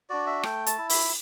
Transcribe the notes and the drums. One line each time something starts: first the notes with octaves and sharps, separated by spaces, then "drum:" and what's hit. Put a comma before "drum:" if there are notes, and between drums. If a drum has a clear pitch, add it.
D4 F#4 D5
E5
A3 G5, drum: rim click
A5, drum: hi-hat
E4
B5, drum: open hi-hat